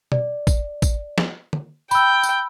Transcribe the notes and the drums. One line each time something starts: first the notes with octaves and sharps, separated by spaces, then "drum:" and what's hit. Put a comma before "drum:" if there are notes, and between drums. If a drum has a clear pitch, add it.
D5, drum: tom B2
drum: kick, tambourine
drum: kick, tambourine
drum: snare
drum: tom
G5 B5 E6, drum: tambourine
drum: tambourine